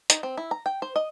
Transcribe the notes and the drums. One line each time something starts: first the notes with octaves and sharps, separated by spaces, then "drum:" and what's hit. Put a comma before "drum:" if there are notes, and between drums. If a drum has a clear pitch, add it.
D#4, drum: hi-hat
C4
E4
A#5
G5
C5
D#5